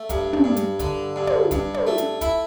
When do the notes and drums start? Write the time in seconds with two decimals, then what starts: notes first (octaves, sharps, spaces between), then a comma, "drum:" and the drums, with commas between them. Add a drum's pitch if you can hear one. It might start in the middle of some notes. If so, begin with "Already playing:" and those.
Already playing: A3
0.10 G2, drum: kick, hi-hat
0.33 drum: tom
0.44 G2
0.57 drum: hi-hat
0.79 D3, drum: kick, hi-hat
1.16 G2
1.27 drum: tom
1.51 G2, drum: kick, hi-hat
1.74 drum: tom
1.87 A3
1.98 drum: hi-hat
2.21 E4, drum: kick, hi-hat